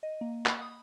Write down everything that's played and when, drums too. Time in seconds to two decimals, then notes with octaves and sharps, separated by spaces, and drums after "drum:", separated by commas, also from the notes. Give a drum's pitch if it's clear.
0.03 D#5
0.21 A#3
0.46 B5, drum: clap
0.61 D#6